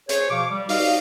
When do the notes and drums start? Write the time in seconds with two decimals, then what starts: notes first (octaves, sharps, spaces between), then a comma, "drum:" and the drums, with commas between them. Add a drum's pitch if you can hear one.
0.09 G#4 C5 C#5, drum: hi-hat
0.30 B2 F3 F5 C#6 D6
0.51 G3
0.69 D#4 F#4 G4 D5 D#5 F5, drum: open hi-hat